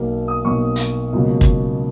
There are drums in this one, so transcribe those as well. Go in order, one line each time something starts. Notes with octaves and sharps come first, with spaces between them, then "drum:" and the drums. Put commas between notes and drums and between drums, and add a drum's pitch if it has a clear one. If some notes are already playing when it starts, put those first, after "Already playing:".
Already playing: B1 B2 A#3
D#6
B1 B2 A#3 C#6
drum: hi-hat
C#2 B2 F#3 A#3
drum: kick